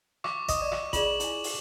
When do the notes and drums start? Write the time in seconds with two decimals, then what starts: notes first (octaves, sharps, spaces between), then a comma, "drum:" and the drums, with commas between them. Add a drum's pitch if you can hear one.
0.24 C#6 D6, drum: rim click
0.49 D#5, drum: kick A1, hi-hat
0.62 D5
0.72 drum: rim click
0.93 F4 G#4 D5 E7 F#7, drum: kick A1, hi-hat
1.20 E4 G#5, drum: hi-hat
1.44 drum: open hi-hat